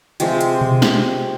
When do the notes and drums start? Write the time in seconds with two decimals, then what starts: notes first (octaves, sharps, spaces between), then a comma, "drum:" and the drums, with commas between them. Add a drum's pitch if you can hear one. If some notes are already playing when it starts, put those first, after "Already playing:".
0.20 C3 F3 G#3 G4, drum: hi-hat
0.41 drum: hi-hat
0.61 drum: tom B2
0.82 drum: snare